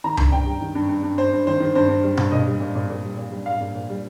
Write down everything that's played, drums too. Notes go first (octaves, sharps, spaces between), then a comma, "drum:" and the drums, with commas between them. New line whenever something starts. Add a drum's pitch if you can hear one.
D#3 A#5
G2, drum: tom C#2
G2 G5
G3
D#3
G2
G2
G2
G2 C5
G2
D#3 C5
D#3
G2 C5
G2
G3
G2, drum: tom B2
A#2 D#5
G3
A#2
A#2
A#2
G3
A#2
G3
A#2 F5
A#2
A#2
G3